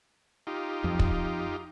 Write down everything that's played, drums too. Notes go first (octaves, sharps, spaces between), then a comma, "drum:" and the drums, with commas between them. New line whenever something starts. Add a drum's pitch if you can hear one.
D#4 F4 G4
F2
drum: kick